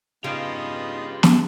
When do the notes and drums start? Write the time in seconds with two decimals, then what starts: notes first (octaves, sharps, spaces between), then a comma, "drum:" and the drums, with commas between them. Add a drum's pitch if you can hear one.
0.24 C#3 B3 D#4 F4 G4 B4 D#6
1.23 drum: snare